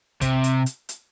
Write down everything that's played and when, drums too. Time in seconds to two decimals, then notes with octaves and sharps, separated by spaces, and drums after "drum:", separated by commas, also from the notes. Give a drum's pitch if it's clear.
0.21 C3, drum: kick, hi-hat
0.44 drum: hi-hat
0.66 drum: hi-hat
0.89 drum: hi-hat